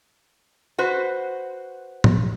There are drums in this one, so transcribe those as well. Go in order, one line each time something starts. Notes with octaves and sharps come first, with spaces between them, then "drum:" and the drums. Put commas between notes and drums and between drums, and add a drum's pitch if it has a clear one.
F#4 B4 C5
drum: tom A2